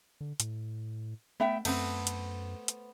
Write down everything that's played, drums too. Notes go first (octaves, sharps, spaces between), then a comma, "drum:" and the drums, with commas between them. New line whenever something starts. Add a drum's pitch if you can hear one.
D3
A2, drum: hi-hat
A3 B3 E5 G5
F#2 A3 B3 C4, drum: cymbal
drum: hi-hat
drum: hi-hat